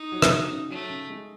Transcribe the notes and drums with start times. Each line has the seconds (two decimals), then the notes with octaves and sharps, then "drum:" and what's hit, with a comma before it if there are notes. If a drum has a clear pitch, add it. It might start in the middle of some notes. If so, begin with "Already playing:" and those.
Already playing: D#4
0.12 F#3
0.22 drum: rim click
0.32 F#3
0.52 C#3
0.70 F#3 A3
0.90 C#3
1.10 G#3